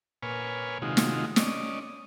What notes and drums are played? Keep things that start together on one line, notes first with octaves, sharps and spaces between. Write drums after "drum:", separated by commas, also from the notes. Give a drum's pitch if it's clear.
A#2 B4 C#5 G#5 F6
C3 D#3 G#3 D#4 F4 F#4
drum: snare
C#4 D5 D#5, drum: snare